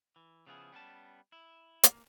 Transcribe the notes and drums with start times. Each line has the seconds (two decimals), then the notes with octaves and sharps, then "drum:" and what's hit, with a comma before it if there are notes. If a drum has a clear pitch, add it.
0.16 E3
0.47 C#3 F3 B3 E4 G#4
0.72 G3 B3 C#4 A5
1.32 E4
1.83 A#3, drum: hi-hat